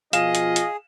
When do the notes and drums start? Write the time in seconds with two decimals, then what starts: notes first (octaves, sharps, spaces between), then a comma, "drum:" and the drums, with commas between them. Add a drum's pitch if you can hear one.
0.13 B2 F3 F4 G#4 D#5 F5 E7, drum: hi-hat
0.35 drum: hi-hat
0.56 drum: hi-hat